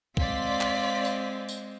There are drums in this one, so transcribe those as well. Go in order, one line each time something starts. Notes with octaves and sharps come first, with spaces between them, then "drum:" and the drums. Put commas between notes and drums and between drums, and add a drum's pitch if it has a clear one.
G#3 C4 D5 F5 C6 B6, drum: kick B1
drum: clap
drum: tambourine
drum: tambourine